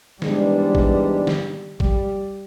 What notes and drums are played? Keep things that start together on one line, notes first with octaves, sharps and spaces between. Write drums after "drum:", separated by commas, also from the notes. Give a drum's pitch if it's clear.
G#2 E3 G3 G#3 B3 D4, drum: snare
drum: kick G#1
drum: snare
G3, drum: kick G#1